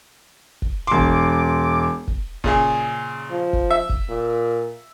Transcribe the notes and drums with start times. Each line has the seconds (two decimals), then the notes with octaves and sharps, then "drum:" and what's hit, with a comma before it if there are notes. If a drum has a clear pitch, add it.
0.62 drum: kick
0.87 E1 C6 D6
0.98 drum: kick
2.08 drum: kick
2.44 A#2 C#3 G#4, drum: kick
3.31 F3
3.53 drum: kick
3.71 E5
3.89 drum: kick
4.10 A#2